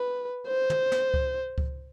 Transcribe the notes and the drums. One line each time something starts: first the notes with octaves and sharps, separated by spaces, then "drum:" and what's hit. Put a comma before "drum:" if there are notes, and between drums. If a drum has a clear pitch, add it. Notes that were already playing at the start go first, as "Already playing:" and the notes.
Already playing: B4
C5
drum: tom
drum: snare
drum: kick C#2
drum: kick C#2